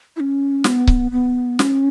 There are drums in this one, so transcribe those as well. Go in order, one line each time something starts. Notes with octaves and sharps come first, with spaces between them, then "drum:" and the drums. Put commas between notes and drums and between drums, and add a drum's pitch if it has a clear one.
E4
C#4
B3, drum: snare
drum: kick C#1
B3
C#4, drum: snare